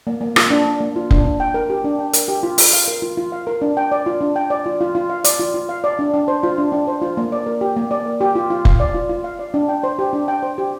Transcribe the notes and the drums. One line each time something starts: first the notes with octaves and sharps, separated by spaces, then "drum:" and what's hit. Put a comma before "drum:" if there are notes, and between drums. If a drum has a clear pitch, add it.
A#3
A#3
F4, drum: rim click
D4
A#3
A#3
F4
D4, drum: kick F1
D4
G5
A#4
G4
D4
G5
A#4, drum: hi-hat
G4
F4
F4, drum: open hi-hat
F5
A#4
F4
F4
F5
A#4
D4
G5
D5
F4
D4
G5
D5
F4
F4
F4
F5
D5, drum: hi-hat
F4
F4
F5
D5
D4
D4
C5
F4
D4
D4
C5
F4
A#3
D5
A#4
G4
A#3
D5
A#4
G4
F4
F4
F5, drum: kick F1
D5
F4
F4
F5
D5
D4
G5
C5
G4
D4
G5
C5
G4